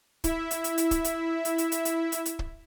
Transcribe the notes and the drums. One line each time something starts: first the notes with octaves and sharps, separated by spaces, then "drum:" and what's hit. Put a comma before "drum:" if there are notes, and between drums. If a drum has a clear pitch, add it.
E4 E5, drum: kick, hi-hat
drum: hi-hat
drum: hi-hat
drum: hi-hat
drum: kick, hi-hat
drum: hi-hat
drum: hi-hat
drum: hi-hat
drum: hi-hat
drum: hi-hat
drum: hi-hat
drum: hi-hat
drum: kick